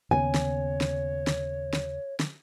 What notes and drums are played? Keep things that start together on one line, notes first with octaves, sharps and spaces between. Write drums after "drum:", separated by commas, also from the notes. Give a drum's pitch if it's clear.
D#2 C#3 B3 C#5 G#5
drum: snare
drum: snare
drum: snare
drum: snare
drum: snare